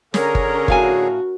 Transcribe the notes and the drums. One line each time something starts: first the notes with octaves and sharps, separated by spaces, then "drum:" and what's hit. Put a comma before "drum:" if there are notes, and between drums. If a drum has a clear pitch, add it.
D3 C#4 G#4 A#4 C#5, drum: snare
drum: kick G1
A2 F#4 F5 G#5, drum: kick G1